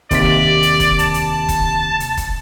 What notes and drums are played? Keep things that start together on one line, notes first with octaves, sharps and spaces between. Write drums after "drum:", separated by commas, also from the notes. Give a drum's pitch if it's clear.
D#2 C3 D5 B6, drum: kick, hi-hat
drum: hi-hat
drum: kick, hi-hat
A5, drum: hi-hat
drum: hi-hat
drum: kick, hi-hat
drum: hi-hat
drum: kick, hi-hat